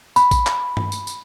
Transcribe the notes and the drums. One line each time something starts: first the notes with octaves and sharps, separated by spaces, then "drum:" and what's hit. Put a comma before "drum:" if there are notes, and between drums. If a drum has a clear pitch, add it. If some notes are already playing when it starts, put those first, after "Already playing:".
B5, drum: tambourine
drum: kick A1, tambourine
drum: clap
drum: tom G2
drum: tambourine
drum: tambourine